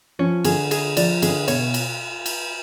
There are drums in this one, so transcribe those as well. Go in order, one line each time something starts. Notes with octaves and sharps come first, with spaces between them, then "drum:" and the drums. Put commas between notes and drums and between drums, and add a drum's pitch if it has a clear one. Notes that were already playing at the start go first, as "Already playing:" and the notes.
F3 C#4
D3 G#4, drum: cymbal
G#4, drum: cymbal
F3 D5, drum: cymbal
D3 G#4, drum: cymbal
B2 C#5, drum: cymbal
drum: cymbal
drum: cymbal